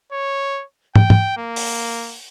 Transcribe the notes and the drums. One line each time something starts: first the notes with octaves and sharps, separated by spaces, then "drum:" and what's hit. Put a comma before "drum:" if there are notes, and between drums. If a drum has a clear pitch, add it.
C#5
G5, drum: tom
drum: tom
A#3
drum: open hi-hat